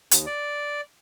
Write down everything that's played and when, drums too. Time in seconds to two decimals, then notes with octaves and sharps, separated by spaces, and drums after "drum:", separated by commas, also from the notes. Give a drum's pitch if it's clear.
0.11 D#2, drum: hi-hat
0.26 D5